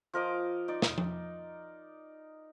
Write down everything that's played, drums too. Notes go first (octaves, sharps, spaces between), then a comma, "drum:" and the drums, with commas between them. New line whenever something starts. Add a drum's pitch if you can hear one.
F3 A#4 D#5 D6
D#4 D5
drum: snare
drum: tom F3